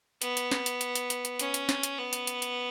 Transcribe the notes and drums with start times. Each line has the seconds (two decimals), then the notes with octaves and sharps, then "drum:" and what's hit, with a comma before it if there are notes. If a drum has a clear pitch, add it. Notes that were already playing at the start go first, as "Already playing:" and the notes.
0.22 B3, drum: hi-hat
0.37 drum: hi-hat
0.51 drum: snare
0.66 drum: hi-hat
0.81 drum: hi-hat
0.95 drum: hi-hat
1.10 drum: hi-hat
1.25 drum: hi-hat
1.39 C#4, drum: hi-hat
1.54 drum: hi-hat
1.69 drum: snare
1.83 drum: hi-hat
1.98 B3
2.13 drum: hi-hat
2.27 drum: hi-hat
2.42 drum: hi-hat